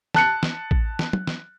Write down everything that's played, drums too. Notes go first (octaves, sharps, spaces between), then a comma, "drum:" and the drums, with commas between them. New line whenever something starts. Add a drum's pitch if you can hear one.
A5 F#6 C#7, drum: snare
drum: snare
drum: kick A1
drum: snare
drum: tom
drum: snare